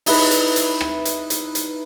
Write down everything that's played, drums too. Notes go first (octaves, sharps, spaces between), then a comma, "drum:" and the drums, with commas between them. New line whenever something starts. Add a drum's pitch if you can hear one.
D#4 E4 B4, drum: open hi-hat
drum: hi-hat
drum: hi-hat
drum: rim click
drum: hi-hat
drum: hi-hat
drum: hi-hat